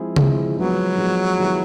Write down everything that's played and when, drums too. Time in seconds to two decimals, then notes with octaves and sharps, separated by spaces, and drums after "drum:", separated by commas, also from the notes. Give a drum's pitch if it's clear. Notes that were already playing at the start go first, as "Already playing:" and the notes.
Already playing: F3 G#3 C4 E4 G#4
0.16 F3 G#3 C4 E4 G#4, drum: tom C#3
0.57 F3 F#3 G#3 B3
0.98 F3 G#3 B3
1.39 D#3 G#3 B3 E4 G4